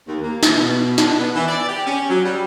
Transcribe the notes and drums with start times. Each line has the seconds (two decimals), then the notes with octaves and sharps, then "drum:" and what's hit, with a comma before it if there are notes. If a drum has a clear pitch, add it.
0.07 D#2
0.23 A#3
0.43 E3, drum: snare
0.56 B2
0.98 D4, drum: snare
1.19 B3
1.35 E3
1.47 D5
1.69 G4
1.86 C#4
2.09 F#3
2.25 G3